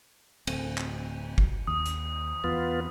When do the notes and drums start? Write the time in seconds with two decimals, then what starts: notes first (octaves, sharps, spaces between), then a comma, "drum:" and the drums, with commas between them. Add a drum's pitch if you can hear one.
0.47 D1 C4, drum: cymbal
0.78 drum: clap
1.38 drum: kick G1
1.67 D#2 D#6
1.86 drum: hi-hat
2.44 E2 B3 F4